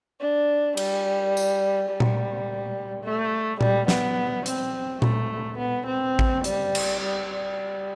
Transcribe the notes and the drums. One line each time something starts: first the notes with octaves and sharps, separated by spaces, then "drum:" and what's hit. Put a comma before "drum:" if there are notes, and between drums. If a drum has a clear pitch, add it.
D4
G3, drum: cymbal
drum: tambourine
G3
drum: tom A#2
A3
G3, drum: tom A#2
B3, drum: snare
C4, drum: hi-hat
A3, drum: tom A#2
B3
C4
drum: kick A1
G3, drum: hi-hat
drum: cymbal
G3
G3